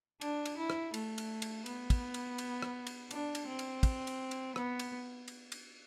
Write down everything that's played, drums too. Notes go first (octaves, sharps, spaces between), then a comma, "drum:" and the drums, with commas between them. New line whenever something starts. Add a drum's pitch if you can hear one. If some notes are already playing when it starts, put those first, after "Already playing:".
D4, drum: cymbal
drum: cymbal
E4
drum: rim click
A3, drum: cymbal
drum: cymbal
drum: cymbal
B3, drum: cymbal
drum: kick, cymbal
drum: cymbal
drum: cymbal
drum: rim click
drum: cymbal
D4, drum: cymbal
drum: cymbal
C4
drum: cymbal
drum: kick, cymbal
drum: cymbal
drum: cymbal
B3, drum: rim click
drum: cymbal
drum: cymbal
drum: cymbal